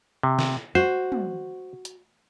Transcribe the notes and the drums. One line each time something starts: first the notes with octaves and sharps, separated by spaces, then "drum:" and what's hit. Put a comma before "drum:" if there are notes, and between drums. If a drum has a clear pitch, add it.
C3
drum: snare
F#4 C5
drum: tom
drum: hi-hat